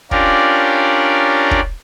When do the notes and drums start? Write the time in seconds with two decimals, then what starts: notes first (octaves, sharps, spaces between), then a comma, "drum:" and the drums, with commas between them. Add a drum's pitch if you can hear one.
0.11 C#4 D4 F4 G4 A#4 D5, drum: kick
1.51 drum: kick